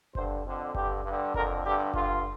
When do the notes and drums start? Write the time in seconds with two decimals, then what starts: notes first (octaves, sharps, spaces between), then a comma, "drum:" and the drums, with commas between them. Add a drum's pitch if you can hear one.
0.15 G2 D3 C5, drum: kick F#1
0.45 F2 D3
0.75 G2 D3 G4, drum: kick F#1
1.04 G2
1.09 D3
1.34 F2 D3 A#4, drum: kick F#1
1.64 G2 D3 G4
1.94 G2 D3 F4, drum: kick F#1